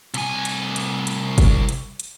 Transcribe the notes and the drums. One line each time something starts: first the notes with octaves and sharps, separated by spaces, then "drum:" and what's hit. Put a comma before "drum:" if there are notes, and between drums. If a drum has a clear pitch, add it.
C2 G#5, drum: hi-hat
drum: hi-hat
drum: hi-hat
drum: hi-hat
drum: kick, hi-hat
drum: hi-hat
drum: hi-hat